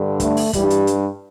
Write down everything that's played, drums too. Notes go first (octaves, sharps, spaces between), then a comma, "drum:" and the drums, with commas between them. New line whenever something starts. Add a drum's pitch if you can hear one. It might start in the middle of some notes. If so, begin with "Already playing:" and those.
Already playing: G2 D3
A3, drum: kick, hi-hat
drum: open hi-hat
G2 E3 G3, drum: kick, hi-hat
drum: hi-hat
drum: hi-hat